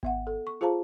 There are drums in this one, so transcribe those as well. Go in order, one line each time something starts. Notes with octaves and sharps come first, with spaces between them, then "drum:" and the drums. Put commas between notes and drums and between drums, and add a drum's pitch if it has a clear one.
B3 E5 F#5, drum: kick G#1
A4
C#6
F4 G#4 C5 F5 A5 A#5